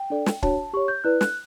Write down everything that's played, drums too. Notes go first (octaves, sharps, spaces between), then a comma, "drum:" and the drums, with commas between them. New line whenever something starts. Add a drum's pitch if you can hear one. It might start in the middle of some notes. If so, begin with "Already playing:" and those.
Already playing: G5
D4 A4 D5
drum: snare
D4 F#4 C#5 A5, drum: kick
G4 C#5 C#6
G6
E4 B4 D5 F#6
F#6, drum: snare